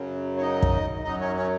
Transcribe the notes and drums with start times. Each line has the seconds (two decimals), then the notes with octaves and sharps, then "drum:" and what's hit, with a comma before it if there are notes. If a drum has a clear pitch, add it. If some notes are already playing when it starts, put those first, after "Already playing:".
Already playing: F#2 C#3 F#3
0.37 C#5
0.41 D#4 D#5
0.63 drum: kick
1.04 F#2 F#3 D#4 D#5
1.20 C#4 C#5
1.36 C#4 C#5